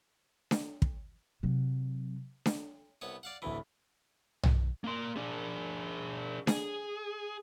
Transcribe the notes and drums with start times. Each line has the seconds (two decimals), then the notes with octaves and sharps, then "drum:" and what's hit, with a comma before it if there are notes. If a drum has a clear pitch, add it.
0.51 drum: snare D4
0.82 drum: kick
1.43 C3 F#3
2.46 drum: snare D4
3.01 C2 B3 C#5
3.23 D5 F5 F#5
3.42 D1 D2 E3 E4 B5
4.43 drum: tom
4.84 A#3 C6
5.16 D4 G#4
6.47 G#4, drum: snare D4